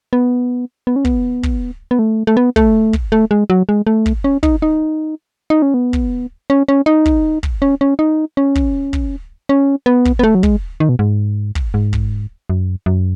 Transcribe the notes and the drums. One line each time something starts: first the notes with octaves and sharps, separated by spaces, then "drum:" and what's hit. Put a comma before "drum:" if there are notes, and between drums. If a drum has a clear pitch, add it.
B3
B3
C#4
B3, drum: kick
drum: kick
B3
A3
A3
B3
A3, drum: kick
drum: kick
A3
G#3
F#3
G#3
A3
drum: kick
C#4
D#4, drum: kick
D#4
D#4
C#4
B3
drum: kick
C#4
C#4
D#4
drum: kick
drum: kick
C#4
C#4
D#4
C#4
drum: kick
drum: kick
C#4
B3
drum: kick
B3
A3
F#3
G#3, drum: kick
D#3
B2
G#2
drum: kick
G#2
drum: kick
F#2
F#2